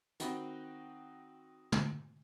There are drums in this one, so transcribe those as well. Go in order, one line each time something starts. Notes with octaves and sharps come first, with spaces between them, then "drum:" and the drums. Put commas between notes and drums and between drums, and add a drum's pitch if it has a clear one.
D#3 C4 D#4 F#4 G5 B5, drum: hi-hat
drum: tom